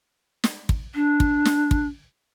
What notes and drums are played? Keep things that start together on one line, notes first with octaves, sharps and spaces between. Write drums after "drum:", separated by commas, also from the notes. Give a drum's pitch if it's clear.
drum: snare
drum: kick
D4
drum: kick
drum: snare
drum: kick